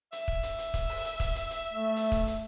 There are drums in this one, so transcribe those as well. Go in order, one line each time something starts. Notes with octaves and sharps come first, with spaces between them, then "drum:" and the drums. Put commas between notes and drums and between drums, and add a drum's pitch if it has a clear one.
E5, drum: hi-hat
drum: kick C#1
drum: hi-hat
drum: hi-hat
drum: kick C#1, hi-hat
drum: open hi-hat
drum: hi-hat
drum: kick C#1, hi-hat
drum: hi-hat
drum: hi-hat
A3
drum: hi-hat
drum: kick C#1, hi-hat
drum: hi-hat